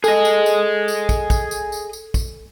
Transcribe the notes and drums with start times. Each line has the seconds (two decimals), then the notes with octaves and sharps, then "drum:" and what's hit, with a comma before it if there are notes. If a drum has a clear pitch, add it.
0.04 G#4 A4 D#5, drum: tambourine
0.25 drum: tambourine
0.46 drum: tambourine
0.88 drum: tambourine
1.09 drum: kick, tambourine
1.30 drum: kick, tambourine
1.51 drum: tambourine
1.72 drum: tambourine
1.93 drum: tambourine
2.14 drum: kick, tambourine